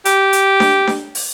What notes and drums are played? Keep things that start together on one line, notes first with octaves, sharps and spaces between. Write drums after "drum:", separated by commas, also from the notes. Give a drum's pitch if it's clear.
G4, drum: hi-hat
drum: hi-hat
drum: snare D4
drum: snare D4
drum: open hi-hat